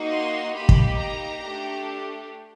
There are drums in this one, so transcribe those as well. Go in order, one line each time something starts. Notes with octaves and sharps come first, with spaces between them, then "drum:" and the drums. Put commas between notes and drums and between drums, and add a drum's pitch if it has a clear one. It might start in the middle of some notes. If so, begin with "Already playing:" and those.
Already playing: A#3 D#4 F#4
C6
A#3 D#4 G4 B5
drum: kick
A#5
A3 D4 G4